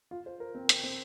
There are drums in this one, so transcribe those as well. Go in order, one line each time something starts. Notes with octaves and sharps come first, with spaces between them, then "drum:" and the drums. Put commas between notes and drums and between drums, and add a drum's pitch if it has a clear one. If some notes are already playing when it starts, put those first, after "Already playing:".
F4
C5
A#4
C4
C4, drum: hi-hat
C4